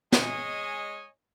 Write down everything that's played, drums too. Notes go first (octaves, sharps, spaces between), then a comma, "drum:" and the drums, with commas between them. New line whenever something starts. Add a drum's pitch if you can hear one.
G#3 C#5 D#5 G#5, drum: snare